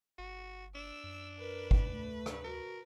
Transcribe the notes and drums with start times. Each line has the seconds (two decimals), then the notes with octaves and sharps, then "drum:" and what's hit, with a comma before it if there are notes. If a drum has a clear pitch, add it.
0.18 G1 F#4
0.75 D4 E6
1.03 F#2
1.38 A#4 B4
1.71 drum: kick G1
1.89 D2 A3
2.26 drum: rim click
2.44 F#4 A#4